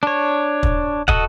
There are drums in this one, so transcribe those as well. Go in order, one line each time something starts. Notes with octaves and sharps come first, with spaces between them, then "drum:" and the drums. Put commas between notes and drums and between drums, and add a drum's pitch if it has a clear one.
D4 C#5
drum: kick
F#4 A4 D#5 F#5, drum: kick